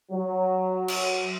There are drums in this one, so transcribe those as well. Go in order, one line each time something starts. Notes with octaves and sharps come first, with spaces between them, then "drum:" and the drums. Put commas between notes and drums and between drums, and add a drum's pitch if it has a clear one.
F#3
drum: cymbal